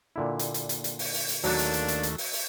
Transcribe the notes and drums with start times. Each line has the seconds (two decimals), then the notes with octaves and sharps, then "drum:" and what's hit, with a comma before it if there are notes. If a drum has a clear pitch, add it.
0.16 A#2 D3 E4
0.39 drum: hi-hat
0.54 drum: hi-hat
0.69 drum: hi-hat
0.84 drum: hi-hat
0.99 drum: open hi-hat
1.14 drum: open hi-hat
1.29 drum: hi-hat
1.44 D#2 F#3 A3 A#3 D4, drum: open hi-hat
1.59 drum: hi-hat
1.73 drum: hi-hat
1.88 drum: hi-hat
2.03 drum: hi-hat
2.18 drum: open hi-hat
2.33 drum: open hi-hat